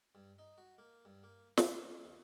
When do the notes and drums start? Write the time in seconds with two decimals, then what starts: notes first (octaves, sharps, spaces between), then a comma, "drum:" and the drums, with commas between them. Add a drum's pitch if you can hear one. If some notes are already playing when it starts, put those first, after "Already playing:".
0.15 G2
0.39 D#4
0.58 F#4
0.78 A#3
1.05 G2
1.23 A#3
1.57 C3, drum: snare
1.74 A#3
2.04 D#2